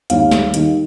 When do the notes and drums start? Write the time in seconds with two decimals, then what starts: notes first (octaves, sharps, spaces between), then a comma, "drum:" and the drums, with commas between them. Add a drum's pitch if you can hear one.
0.10 D#2 F5, drum: hi-hat
0.31 G3, drum: snare
0.54 D#3, drum: hi-hat